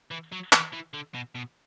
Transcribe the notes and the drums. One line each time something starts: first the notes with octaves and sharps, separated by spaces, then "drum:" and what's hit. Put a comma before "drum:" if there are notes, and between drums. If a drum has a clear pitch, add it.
E3
F#3
E3, drum: clap
E3
D3
B2
B2